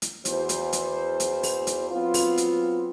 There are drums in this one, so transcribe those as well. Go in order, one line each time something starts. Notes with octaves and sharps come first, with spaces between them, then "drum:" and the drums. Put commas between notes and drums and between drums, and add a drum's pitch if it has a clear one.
drum: hi-hat
E2 F#4 C5, drum: hi-hat
drum: hi-hat
drum: hi-hat
drum: hi-hat
drum: open hi-hat
drum: hi-hat
F#3 B3 C4 F4
drum: open hi-hat
drum: hi-hat